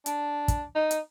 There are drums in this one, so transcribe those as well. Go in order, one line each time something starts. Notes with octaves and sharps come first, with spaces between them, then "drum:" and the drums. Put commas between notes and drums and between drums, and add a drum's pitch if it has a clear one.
D4, drum: hi-hat
drum: kick, hi-hat
D#4
drum: hi-hat